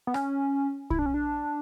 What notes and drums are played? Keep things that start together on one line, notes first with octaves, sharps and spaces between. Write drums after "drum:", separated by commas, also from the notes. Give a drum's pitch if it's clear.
B3
C#4, drum: rim click
E4, drum: kick B1
D4
C#4
D4